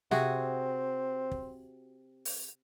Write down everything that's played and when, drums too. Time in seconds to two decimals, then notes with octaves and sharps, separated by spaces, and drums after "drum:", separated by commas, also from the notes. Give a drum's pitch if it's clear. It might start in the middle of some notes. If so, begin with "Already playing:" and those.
0.11 C3 C4 F#4 G#4, drum: snare
1.31 drum: kick
2.25 drum: open hi-hat